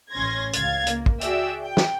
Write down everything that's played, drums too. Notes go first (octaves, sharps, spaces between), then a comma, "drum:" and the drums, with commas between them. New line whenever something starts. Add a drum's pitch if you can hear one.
A1 C#4 C6 G#6 A#6
C#2 F5 G#6 A6, drum: hi-hat
A#3, drum: hi-hat
drum: kick
F#4 G#4 D5 E5 G5 E6, drum: hi-hat
G5
drum: snare